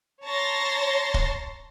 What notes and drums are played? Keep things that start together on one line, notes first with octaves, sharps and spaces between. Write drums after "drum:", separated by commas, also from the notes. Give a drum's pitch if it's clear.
C#5 A5 A#5 C6 A6 A#6
drum: kick